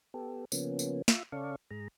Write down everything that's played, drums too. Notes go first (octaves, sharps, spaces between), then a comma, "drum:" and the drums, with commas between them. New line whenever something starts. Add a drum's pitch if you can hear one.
B3 G4 A4
C#3 F3 A#3 B3 C#4, drum: tambourine
drum: tambourine
F4 E5, drum: snare
C#3 C#4 A4 D5 F5 C#6
G#2 G#4 A#5